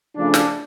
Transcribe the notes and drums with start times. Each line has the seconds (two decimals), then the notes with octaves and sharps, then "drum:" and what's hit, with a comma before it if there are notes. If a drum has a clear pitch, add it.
0.16 C#3 F3 A3 D4
0.34 drum: snare